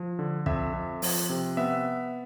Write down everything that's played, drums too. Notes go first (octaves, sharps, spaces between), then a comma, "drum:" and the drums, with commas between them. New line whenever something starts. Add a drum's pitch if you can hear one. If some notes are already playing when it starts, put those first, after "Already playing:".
Already playing: F3
D3
F2 E5, drum: kick
F2
F3, drum: open hi-hat
C3
B3 E5